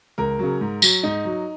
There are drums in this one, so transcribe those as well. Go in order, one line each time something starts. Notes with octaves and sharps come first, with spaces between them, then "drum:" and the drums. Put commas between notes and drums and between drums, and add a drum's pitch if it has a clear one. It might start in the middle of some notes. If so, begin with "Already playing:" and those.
C#2 A#4
C#3 F#3
G#2
F#3, drum: tambourine
G#2 D#4
F#3